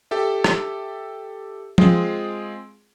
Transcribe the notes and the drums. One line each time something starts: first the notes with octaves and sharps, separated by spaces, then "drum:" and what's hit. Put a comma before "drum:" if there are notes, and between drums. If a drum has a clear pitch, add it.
G4 A4 E5
drum: rim click
G#3 C4 F4 G#4, drum: tom F3